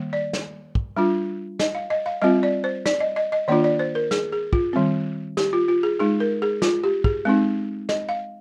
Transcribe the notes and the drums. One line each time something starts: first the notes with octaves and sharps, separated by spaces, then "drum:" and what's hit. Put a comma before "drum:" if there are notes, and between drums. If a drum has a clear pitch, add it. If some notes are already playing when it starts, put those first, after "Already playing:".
Already playing: D#3 G3 A#3
D5
drum: snare
drum: kick
G3 D4 F4
D#5, drum: snare
F5
D#5
F5
G3 C4 F4 D#5
D5
C5
D5, drum: snare
D#5
D#5
D#5
D#3 A#3 D4 F4 D5
D5
C5
A#4
G#4, drum: snare
G#4
F4, drum: kick
D#3 G3 C4
G4, drum: snare
F4
F4
G#4
G#3 D#4 G#4
A#4
G#4
F4, drum: snare
G4
G#4, drum: kick
G#3 C4 D#4
D#5, drum: snare
F5